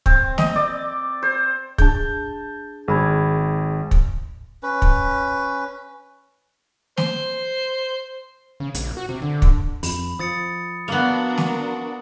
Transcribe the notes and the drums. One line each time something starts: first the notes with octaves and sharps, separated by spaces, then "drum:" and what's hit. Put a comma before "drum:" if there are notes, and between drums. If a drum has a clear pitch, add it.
C4, drum: kick
D#5, drum: snare
D5
C5
D4 G#4 A5 G6, drum: kick
G#1 G#4 B5 G#6
drum: kick
C#4 B4
drum: kick
C5, drum: snare
C#3
A#1, drum: hi-hat
F#4
C3
D3
drum: kick
F2 B5, drum: open hi-hat
F3 D#6 A6 C#7
A#3 B3 D4 F#4 A#4 F7 F#7
drum: snare